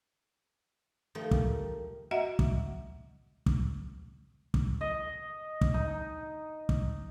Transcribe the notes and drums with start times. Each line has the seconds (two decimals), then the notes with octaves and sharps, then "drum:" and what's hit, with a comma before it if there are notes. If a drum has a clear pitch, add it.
1.15 D#3 F3 G3 A3 A#4
1.31 drum: kick
2.11 F#4 D#5 E5 F#5 A#5
2.39 drum: kick
3.46 drum: kick
4.54 drum: kick
4.81 D#5
5.61 drum: kick
5.74 D#4
6.69 drum: kick